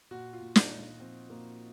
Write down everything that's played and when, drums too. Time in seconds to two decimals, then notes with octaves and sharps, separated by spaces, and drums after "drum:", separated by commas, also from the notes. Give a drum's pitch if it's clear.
0.11 A#2 F#4
0.33 F4
0.40 A#2
0.56 D#4, drum: snare
0.70 A#2
1.00 F3 C4
1.29 A#2 A#3